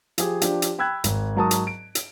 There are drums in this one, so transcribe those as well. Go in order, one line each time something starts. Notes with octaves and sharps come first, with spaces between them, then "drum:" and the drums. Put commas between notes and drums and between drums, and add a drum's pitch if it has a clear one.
F3 G4 G#4, drum: hi-hat
F3 D4 G4, drum: hi-hat
drum: hi-hat
G5 B5 E6 F#6 G#6
G#1, drum: hi-hat
G#2 F#3 A#4 A5 C#6 D#6
drum: hi-hat
D7
drum: hi-hat